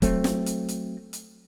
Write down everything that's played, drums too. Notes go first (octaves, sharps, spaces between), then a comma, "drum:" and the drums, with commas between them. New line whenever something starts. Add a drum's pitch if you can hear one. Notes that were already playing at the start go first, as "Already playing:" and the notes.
F#3 A3 C4, drum: kick, hi-hat
drum: snare
drum: hi-hat
drum: hi-hat
drum: hi-hat